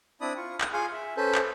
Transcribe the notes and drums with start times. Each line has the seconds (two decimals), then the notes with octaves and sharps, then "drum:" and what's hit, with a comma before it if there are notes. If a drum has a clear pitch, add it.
0.21 C4 D4 E4 D5 B5 D#6
0.37 F4 C#6
0.61 D#6, drum: clap
0.73 F4 G#4 F5 G#5 C6 C#6
0.93 E5
1.17 C#4 A4 B4 C5
1.35 drum: clap